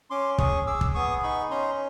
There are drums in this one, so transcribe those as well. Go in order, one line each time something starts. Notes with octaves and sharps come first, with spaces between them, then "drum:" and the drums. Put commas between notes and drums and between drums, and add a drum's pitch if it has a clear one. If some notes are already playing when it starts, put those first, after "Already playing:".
C#4 C6 D6
G#4 C#6 D#6, drum: kick
G#4 D6 E6
drum: kick
B3 C#6 D#6
D#4 B5 C#6
C#4 A#5 C6